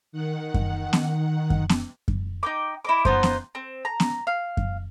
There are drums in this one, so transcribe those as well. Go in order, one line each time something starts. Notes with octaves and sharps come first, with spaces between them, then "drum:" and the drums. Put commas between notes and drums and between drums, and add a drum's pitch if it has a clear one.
D#3 F#5
drum: kick F#2
drum: snare B3
drum: kick F#2
drum: snare B3
drum: kick F#2
D#4 G5 D6
E4 D#5 D6
B3 D#4 F4 C5, drum: kick F#2
drum: snare B3
C4
A#5
drum: snare B3
F5
drum: kick F#2